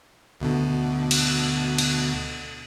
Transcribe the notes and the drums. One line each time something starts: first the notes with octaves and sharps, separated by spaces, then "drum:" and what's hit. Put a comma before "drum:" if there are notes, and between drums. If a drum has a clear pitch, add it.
D2 B2 D3
drum: cymbal
drum: cymbal